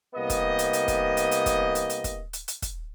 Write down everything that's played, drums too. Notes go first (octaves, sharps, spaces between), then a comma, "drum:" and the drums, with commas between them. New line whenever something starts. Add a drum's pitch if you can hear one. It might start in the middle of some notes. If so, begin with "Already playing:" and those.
C2 A#3 B3 G4 D#5
drum: kick, hi-hat
drum: hi-hat
drum: hi-hat
drum: kick, hi-hat
drum: hi-hat
drum: hi-hat
drum: kick, hi-hat
drum: hi-hat
drum: hi-hat
drum: kick, hi-hat
drum: hi-hat
drum: hi-hat
drum: kick, hi-hat